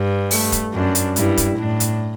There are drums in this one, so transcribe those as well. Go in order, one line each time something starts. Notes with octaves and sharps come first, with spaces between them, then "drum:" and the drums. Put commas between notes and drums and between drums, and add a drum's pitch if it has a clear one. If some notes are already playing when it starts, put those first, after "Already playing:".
Already playing: G2
A3, drum: open hi-hat
drum: kick, hi-hat
F#2 D4
drum: hi-hat
G2 E4, drum: hi-hat
drum: kick, hi-hat
A2 D4
drum: hi-hat